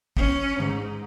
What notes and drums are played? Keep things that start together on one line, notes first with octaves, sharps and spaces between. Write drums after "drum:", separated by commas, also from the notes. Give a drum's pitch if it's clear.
C#4, drum: kick
G#2, drum: tom D3